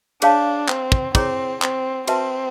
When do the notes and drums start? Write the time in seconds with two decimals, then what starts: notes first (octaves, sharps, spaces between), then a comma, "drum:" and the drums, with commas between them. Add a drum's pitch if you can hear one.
0.22 D4 G#4 C#5 F5 A5, drum: cymbal
0.68 C4, drum: clap
0.92 drum: kick
1.15 C4 E4 G#4 C#5, drum: kick, cymbal
1.62 C4, drum: clap
2.07 C4 F#4 B4 E5 A5, drum: cymbal